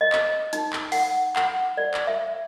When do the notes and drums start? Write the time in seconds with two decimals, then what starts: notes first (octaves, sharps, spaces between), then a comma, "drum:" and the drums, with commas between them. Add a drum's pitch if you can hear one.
0.01 D#5
0.12 drum: clap
0.53 D#4, drum: hi-hat
0.73 drum: clap
0.92 F#5, drum: open hi-hat
1.36 F#5, drum: clap
1.77 D5
1.94 drum: clap
2.07 E5